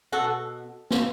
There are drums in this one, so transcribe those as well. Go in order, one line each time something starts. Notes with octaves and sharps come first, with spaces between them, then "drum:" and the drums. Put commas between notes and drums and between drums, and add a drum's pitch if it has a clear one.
B2 F#4 A4
drum: snare